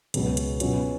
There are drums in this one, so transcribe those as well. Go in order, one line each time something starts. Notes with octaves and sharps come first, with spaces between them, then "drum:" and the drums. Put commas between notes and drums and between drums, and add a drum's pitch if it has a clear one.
C#2 B2 F#3, drum: hi-hat
drum: hi-hat
B2 F#3 C#4 F4, drum: hi-hat